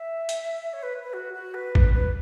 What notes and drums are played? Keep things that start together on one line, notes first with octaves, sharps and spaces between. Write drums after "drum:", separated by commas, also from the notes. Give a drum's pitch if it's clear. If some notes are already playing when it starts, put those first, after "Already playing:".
Already playing: E5
drum: hi-hat
C#5
B4
B4
F#4
F#4
B4
drum: kick
B4